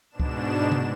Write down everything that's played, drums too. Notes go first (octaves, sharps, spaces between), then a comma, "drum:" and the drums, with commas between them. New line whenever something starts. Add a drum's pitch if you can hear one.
G#2 B2 D4 E7
drum: kick C#2
drum: tom C3